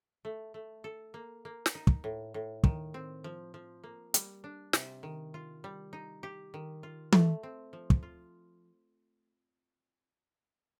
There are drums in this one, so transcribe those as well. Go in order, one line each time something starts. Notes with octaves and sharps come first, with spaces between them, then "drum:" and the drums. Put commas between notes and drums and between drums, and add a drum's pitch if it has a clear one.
A3
A3
A4
A#3
A#3
drum: snare
D#4
drum: kick
A2
A2
D#3, drum: kick
C4
F3
F3
A#3
G3, drum: hi-hat
D4
C3, drum: snare
D#3
F4
G3
D#4
G4
D#3
F4
A3, drum: tom E3
C4
F3
drum: kick
F4